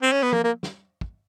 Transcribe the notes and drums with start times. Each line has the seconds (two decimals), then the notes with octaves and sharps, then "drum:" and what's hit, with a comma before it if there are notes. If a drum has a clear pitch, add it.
0.02 C4
0.12 C#4
0.23 B3
0.32 A#3, drum: tom
0.44 A#3
0.63 drum: snare
1.01 drum: kick